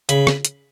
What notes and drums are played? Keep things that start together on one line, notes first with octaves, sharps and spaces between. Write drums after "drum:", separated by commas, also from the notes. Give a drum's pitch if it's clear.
C#3 B5, drum: hi-hat
drum: rim click
drum: hi-hat